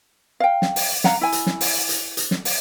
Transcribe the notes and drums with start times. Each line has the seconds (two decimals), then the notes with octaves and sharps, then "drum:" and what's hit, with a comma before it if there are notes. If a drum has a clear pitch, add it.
0.40 F5 G5
0.62 drum: snare
0.76 drum: open hi-hat
1.04 F5 F#5 A#5, drum: snare
1.21 E4 G#5
1.32 drum: hi-hat
1.46 drum: snare
1.61 drum: open hi-hat
1.89 drum: hi-hat
2.17 drum: hi-hat
2.31 drum: snare
2.45 drum: open hi-hat